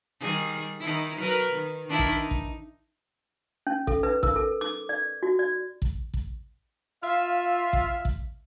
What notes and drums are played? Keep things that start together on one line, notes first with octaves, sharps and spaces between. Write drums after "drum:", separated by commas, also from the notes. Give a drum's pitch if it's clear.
D#3 G3 G#4
D#3 D#4 E4
F#3 A#4 B4
D#3
D#3 D4 E4
drum: kick
D#4
drum: kick
C#4
A4, drum: kick
B4
A#4, drum: kick
A4
D6
D5
F#4
D5
drum: kick
drum: kick
F4 E5 F5
drum: kick
drum: kick